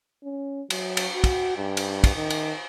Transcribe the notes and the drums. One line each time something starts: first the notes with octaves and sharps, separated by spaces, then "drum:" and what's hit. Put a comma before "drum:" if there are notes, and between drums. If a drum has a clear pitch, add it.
C#4
F#3, drum: cymbal
drum: cymbal
F#4
drum: kick, cymbal
G2
drum: cymbal
drum: kick, cymbal
D#3
drum: cymbal